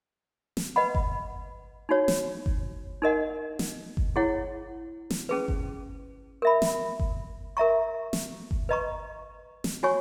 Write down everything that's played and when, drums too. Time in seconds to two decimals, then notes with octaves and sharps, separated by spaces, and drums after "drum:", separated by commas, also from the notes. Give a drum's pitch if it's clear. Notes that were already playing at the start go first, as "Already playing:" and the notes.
0.57 drum: snare
0.76 B4 D#5 F#5 B5
0.95 drum: kick G1
1.89 D#4 F#4 C#5
2.08 drum: snare
2.46 drum: kick G1
3.02 D#4 A#4 D#5 F#5
3.59 drum: snare
3.97 drum: kick G1
4.16 E4 G#4 C#5 F#5
5.10 drum: snare
5.29 C#4 G#4 B4
5.48 drum: kick G1
6.42 A#4 E5 B5
6.62 drum: snare
7.00 drum: kick G1
7.57 A#4 E5 A#5 C#6
8.13 drum: snare
8.51 drum: kick G1
8.69 B4 D#5 A#5 C#6
9.64 drum: snare
9.83 F#4 C#5 G#5 C#6